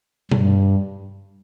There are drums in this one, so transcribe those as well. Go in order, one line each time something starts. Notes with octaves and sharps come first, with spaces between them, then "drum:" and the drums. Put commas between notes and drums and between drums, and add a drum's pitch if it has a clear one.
G2, drum: tom B2